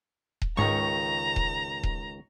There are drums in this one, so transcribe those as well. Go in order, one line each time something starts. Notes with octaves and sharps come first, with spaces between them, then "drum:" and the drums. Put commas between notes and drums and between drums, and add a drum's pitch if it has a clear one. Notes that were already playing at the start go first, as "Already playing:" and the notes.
drum: kick D#1
C#2 G#2 D#3 G#3 A#5 C#6
drum: kick D#1
drum: kick D#1